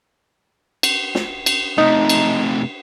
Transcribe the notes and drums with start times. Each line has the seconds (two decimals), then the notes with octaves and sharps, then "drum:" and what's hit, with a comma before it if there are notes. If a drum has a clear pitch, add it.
0.83 drum: cymbal
1.15 drum: snare
1.46 drum: cymbal
1.78 C3 A3 D#4
2.09 drum: cymbal